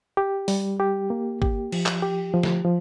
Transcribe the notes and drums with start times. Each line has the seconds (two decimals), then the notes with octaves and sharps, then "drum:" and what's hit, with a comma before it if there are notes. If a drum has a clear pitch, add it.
0.17 G4
0.48 G3, drum: open hi-hat
0.80 G4
1.10 A#3
1.42 G4, drum: kick
1.72 F3, drum: cymbal
1.86 drum: clap
2.02 G4
2.33 F3
2.43 drum: snare
2.65 F3